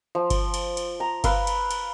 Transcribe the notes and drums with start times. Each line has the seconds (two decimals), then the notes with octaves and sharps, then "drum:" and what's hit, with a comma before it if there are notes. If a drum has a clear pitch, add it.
0.15 F3
0.30 drum: kick G1, cymbal
0.54 drum: cymbal
0.77 drum: cymbal
1.00 A#5
1.24 B4 F5 E6, drum: kick G1, cymbal
1.47 drum: cymbal
1.71 drum: cymbal